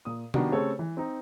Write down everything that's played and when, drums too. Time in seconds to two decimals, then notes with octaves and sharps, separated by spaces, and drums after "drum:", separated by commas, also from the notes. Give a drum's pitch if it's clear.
0.05 A#2 D#6
0.34 D#3 G3 B3 D4 F#4, drum: tom C3
0.52 C#3 A3 C4 G4 A4 C#5
0.79 E3
0.97 C4 D#4